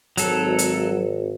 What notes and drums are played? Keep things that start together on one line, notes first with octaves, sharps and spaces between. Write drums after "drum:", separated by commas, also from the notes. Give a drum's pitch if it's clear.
G#1 F#3 A4, drum: hi-hat
drum: hi-hat